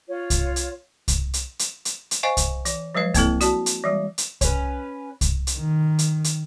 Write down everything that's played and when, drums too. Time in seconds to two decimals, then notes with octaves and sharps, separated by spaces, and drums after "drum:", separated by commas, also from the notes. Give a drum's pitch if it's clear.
0.08 F4 C#5
0.30 drum: kick C2, hi-hat
0.56 drum: hi-hat
1.08 drum: kick C2, hi-hat
1.34 drum: hi-hat
1.59 drum: hi-hat
1.85 drum: hi-hat
2.11 drum: hi-hat
2.23 C5 D#5 F5 G#5 C#6
2.37 drum: kick C2, hi-hat
2.65 E3, drum: hi-hat
2.95 F3 F#3 G#3 B4 D#5
3.14 A#3 C4 E4 A4, drum: kick C2, hi-hat
3.41 F#4 D5 A5, drum: hi-hat
3.66 drum: hi-hat
3.84 E3 G3 G#3
4.18 drum: hi-hat
4.41 C#4 B4, drum: kick C2, hi-hat
5.21 drum: kick C2, hi-hat
5.47 drum: hi-hat
5.57 D#3
5.99 drum: hi-hat
6.24 drum: hi-hat